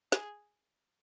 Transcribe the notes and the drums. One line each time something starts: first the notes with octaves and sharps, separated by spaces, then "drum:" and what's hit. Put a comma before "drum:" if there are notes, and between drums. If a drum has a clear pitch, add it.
G#4, drum: snare